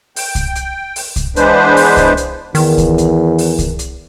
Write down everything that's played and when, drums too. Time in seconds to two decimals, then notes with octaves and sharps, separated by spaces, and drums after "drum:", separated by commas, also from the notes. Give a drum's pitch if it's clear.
0.16 G5, drum: open hi-hat
0.35 drum: kick C2, hi-hat
0.55 drum: hi-hat
0.96 drum: open hi-hat
1.16 drum: kick C2, hi-hat
1.36 E3 G#3 B3 D4 B4 C5, drum: hi-hat
1.77 drum: open hi-hat
1.97 drum: kick C2, hi-hat
2.17 drum: hi-hat
2.55 E2 D#3, drum: open hi-hat
2.78 drum: kick C2, hi-hat
2.98 drum: hi-hat
3.38 drum: open hi-hat
3.59 drum: kick C2, hi-hat
3.79 drum: hi-hat